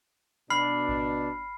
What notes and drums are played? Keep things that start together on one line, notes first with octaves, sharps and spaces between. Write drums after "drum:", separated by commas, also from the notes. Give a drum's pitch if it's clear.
B2 D4 B5 F6 C7
drum: kick G#1